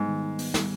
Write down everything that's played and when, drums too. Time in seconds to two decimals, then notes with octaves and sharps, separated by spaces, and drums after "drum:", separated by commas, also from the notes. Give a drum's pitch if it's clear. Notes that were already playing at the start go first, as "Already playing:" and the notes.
Already playing: G#2 G3 B3
0.08 D#3
0.23 D#4
0.38 B3, drum: open hi-hat
0.54 G3, drum: snare